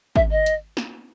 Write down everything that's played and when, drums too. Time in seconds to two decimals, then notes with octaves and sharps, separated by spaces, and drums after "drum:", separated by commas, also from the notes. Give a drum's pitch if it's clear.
0.16 E5, drum: kick G#1
0.31 D#5
0.46 drum: hi-hat
0.77 drum: snare